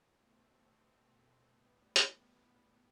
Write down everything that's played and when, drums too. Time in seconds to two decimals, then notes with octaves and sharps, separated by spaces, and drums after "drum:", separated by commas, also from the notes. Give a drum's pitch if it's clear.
0.15 B2 A3 C4
1.45 A2 G3 B3
1.96 drum: hi-hat